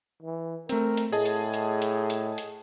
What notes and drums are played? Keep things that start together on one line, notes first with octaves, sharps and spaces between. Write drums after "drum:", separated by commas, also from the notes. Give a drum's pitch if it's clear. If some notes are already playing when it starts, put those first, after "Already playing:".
E3
A3 C4 A#4, drum: hi-hat
drum: hi-hat
A2 G#4 D#5 A5
drum: hi-hat
drum: hi-hat
drum: hi-hat
drum: hi-hat
drum: hi-hat